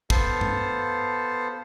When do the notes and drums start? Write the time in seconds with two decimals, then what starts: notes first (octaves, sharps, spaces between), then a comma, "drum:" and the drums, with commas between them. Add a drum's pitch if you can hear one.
0.10 B3 A4 C5 F5, drum: kick
0.41 drum: tom G2